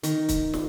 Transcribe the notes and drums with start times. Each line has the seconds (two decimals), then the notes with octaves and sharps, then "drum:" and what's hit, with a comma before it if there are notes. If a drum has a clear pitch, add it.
0.03 D#3, drum: hi-hat
0.28 drum: kick, hi-hat
0.54 drum: snare